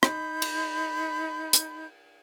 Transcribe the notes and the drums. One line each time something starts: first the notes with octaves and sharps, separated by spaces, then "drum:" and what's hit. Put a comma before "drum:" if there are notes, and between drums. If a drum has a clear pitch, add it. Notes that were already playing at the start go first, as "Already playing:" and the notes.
D#4 B5 G6, drum: rim click
drum: cymbal
drum: hi-hat